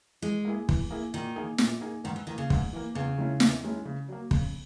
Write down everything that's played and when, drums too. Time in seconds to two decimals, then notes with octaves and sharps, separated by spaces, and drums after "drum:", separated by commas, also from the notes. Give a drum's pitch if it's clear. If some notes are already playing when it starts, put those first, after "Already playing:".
0.22 E3 G#3
0.45 A#3 E4 G#4
0.69 E3, drum: kick
0.91 A#3 E4 G#4
1.14 A#2 D#3
1.36 A#3 D#4 G#4
1.58 A#2, drum: snare
1.81 A#3 D#4 G#4
2.04 G#2 D#3
2.16 E3
2.27 D#3 E3 A#3
2.38 C#3
2.50 G#2, drum: kick
2.73 E3 A#3
2.95 E2 C#3
3.18 D#3 G#3 C#4 E4
3.40 E2, drum: snare
3.63 D#3 G#3 C#4 E4
3.85 C#3
4.09 F#3 A#3
4.31 C#3, drum: kick